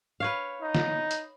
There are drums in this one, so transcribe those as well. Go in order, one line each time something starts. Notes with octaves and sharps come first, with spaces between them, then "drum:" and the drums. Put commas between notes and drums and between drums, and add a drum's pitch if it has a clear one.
B4 C#5 F5
D#4
drum: snare
drum: hi-hat